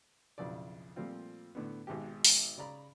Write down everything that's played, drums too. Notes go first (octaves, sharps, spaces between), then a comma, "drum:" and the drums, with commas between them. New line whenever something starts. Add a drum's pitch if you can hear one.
B1 F2 C#3 E4 D5
A#2 F3 G3 A3 C4 F4
A2 D3 B3
G#1 G#2 B2 G#3 G4
drum: open hi-hat
C#3 D5 A#5 B5